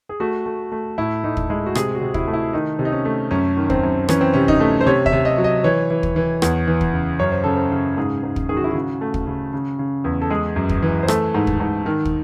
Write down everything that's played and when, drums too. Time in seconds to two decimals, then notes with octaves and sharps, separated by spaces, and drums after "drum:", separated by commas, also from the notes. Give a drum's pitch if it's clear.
0.09 G#4
0.20 A3 F#4
0.46 A3
0.72 A3
0.98 A2 E4
1.24 A2 D#4
1.37 drum: kick
1.50 G#3 E4
1.66 F#4
1.75 C3 G#4, drum: rim click
1.95 F#4
2.01 C3
2.14 E4, drum: kick
2.27 A3
2.33 E4
2.53 D#3 D#4
2.79 C3
2.85 D#4
2.92 C#4
3.05 A3
3.31 F#2 C#4
3.57 D#3
3.70 C4, drum: kick
3.83 F#2
4.09 E3 C#4, drum: rim click
4.21 C4
4.34 C3 C#4
4.48 D#4, drum: kick
4.60 A3
4.81 C5
4.86 C3 C#5
5.06 E5, drum: kick
5.13 C3
5.25 D#5
5.38 F#3
5.44 D#5
5.64 E3 C#5
5.90 E3
6.03 drum: kick
6.16 E3
6.42 E2, drum: rim click
6.68 E3
6.81 drum: kick
6.93 C#3
7.19 F#2 C#5
7.32 C5
7.44 C#3 A4
7.56 C5
7.72 C#3
7.97 G#2 G#4
8.23 G#2
8.36 drum: kick
8.49 D#3 G#4
8.57 F#4
8.64 E4
8.71 C#3 F#4
9.01 A3
9.14 drum: kick
9.27 C#3
9.53 C#3
9.79 C#3
10.04 E2
10.21 A4
10.30 G#3 G#4
10.56 F#2
10.69 drum: kick
10.82 E3
11.03 C5
11.08 A3 A4, drum: rim click
11.34 G#2
11.47 drum: kick
11.60 G#2
11.86 D#3
12.05 drum: kick